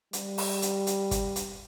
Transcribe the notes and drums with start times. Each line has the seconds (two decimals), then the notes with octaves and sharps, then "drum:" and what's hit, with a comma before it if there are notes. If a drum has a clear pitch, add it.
0.13 G3, drum: hi-hat
0.38 drum: open hi-hat
0.62 drum: hi-hat
0.87 drum: hi-hat
1.11 drum: kick, hi-hat
1.36 drum: hi-hat